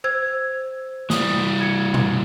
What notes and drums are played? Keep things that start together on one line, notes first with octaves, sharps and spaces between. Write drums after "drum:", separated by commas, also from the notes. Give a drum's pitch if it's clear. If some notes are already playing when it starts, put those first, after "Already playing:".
C5 E6 G#6
E3 G3 D#6, drum: snare
G#6 C#7
drum: tom A#2